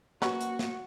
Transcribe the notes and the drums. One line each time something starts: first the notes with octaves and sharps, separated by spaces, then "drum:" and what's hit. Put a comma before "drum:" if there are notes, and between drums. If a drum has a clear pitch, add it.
F#3 A#3 C#4 F#4 B4, drum: snare
drum: hi-hat
drum: snare